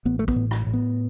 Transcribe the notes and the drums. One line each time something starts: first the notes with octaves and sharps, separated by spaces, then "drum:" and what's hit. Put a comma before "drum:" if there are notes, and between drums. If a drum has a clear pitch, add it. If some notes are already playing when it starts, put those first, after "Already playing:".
A1 B3
A3
B3, drum: kick
A2
drum: rim click
A2
B3